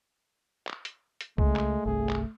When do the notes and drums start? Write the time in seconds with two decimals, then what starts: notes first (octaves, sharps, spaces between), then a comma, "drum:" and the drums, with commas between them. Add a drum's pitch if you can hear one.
0.67 drum: clap
0.85 drum: hi-hat
1.21 drum: hi-hat
1.38 C#2 G#3 A3, drum: kick C2
1.56 drum: clap
1.86 G1 C2 G#4
2.09 drum: clap